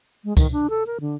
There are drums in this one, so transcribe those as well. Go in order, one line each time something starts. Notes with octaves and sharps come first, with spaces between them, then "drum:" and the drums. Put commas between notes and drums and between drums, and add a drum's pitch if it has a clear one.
G#3
D#3, drum: kick C#2, tambourine
D4
A4
A#4
D3